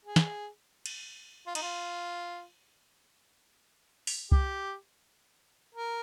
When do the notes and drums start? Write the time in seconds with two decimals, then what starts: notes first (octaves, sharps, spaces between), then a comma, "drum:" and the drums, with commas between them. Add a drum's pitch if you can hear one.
0.05 G#4
0.16 drum: snare
0.86 drum: cymbal
1.47 F4
1.55 D#4, drum: cymbal
1.63 F4
4.07 drum: open hi-hat
4.32 G4, drum: kick C2
5.75 A#4